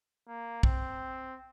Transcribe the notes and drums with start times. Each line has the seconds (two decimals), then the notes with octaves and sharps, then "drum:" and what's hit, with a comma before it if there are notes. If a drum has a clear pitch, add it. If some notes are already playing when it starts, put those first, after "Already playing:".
0.28 A#3
0.63 C4, drum: kick